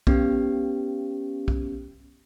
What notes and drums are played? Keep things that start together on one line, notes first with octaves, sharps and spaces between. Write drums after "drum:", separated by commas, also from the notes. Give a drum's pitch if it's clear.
B3 C#4 G4, drum: kick
drum: kick